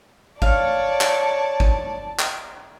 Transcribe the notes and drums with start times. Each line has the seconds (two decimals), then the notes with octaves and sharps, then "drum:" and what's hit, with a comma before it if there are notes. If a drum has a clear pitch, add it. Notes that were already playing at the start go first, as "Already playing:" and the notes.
0.42 C#5 D5 F5 A5, drum: kick
1.01 drum: clap
1.60 drum: kick
2.19 drum: clap